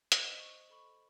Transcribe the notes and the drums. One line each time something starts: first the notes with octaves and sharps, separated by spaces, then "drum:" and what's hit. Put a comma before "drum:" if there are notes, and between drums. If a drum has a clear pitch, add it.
C5 D#5 D#6, drum: hi-hat
C#6 D#6
A4 B5 C#6